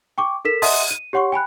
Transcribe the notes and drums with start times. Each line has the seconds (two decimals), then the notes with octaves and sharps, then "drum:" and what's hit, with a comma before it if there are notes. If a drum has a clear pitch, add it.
0.18 G5 C#6 D6
0.45 A4 A#4 B6 E7
0.62 D#5 E5 F#5 A5 C6 D#6, drum: open hi-hat
0.91 D#7
1.13 G4 C#5 F#5 C6 C#6
1.32 G5 G#5 B5 F#6